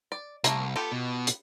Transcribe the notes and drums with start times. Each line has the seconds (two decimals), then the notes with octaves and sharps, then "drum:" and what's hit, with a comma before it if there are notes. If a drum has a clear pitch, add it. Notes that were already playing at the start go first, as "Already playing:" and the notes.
0.12 D5
0.44 C2 A3 A#3 A#4, drum: hi-hat
0.76 B3 F4 G4 A4
0.92 B2
1.27 drum: hi-hat